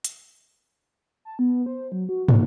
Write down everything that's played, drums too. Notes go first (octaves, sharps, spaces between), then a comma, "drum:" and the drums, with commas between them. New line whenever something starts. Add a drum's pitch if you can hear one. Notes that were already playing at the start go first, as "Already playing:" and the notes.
drum: hi-hat
A5
B3
C5
F#3
F#4
A#3, drum: tom